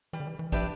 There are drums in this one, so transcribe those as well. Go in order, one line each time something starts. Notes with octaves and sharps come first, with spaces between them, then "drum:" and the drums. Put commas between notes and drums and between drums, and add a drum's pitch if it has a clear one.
E3 G3
D3
E3
E3
F3 D4 G4 B4 E5, drum: kick